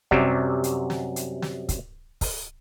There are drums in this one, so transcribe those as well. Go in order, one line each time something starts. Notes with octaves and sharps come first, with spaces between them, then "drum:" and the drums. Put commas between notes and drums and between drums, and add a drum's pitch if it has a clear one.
F#2 C3 F#3 G3, drum: kick
drum: hi-hat
drum: snare
drum: hi-hat
drum: snare
drum: kick, hi-hat
drum: kick, open hi-hat